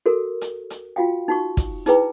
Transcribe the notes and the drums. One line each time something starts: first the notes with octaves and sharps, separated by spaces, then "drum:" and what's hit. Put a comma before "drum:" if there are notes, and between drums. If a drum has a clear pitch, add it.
F#4 A4 A#4
drum: hi-hat
drum: hi-hat
F4 F#4 F5 G5
D#4 F#4 C#6
drum: kick, hi-hat
D#4 E4 G#4 B4 G5 A#5, drum: hi-hat